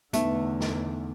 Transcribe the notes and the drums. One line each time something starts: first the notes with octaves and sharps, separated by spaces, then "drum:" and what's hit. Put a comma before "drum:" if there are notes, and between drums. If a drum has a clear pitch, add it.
E2 D3 A3 B3 D#4, drum: hi-hat
drum: snare